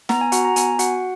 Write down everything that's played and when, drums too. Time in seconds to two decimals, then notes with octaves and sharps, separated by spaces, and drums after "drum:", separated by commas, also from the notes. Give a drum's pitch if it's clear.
0.09 B3 A#5, drum: snare
0.21 G#5
0.32 F#4 F#5, drum: hi-hat
0.44 A#5
0.56 B3 G#5, drum: hi-hat
0.79 F#4 F#5, drum: hi-hat